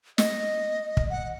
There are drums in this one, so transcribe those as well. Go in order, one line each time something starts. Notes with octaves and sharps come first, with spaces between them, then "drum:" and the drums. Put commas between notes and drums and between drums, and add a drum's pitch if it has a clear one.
D#5, drum: snare
drum: kick
F#5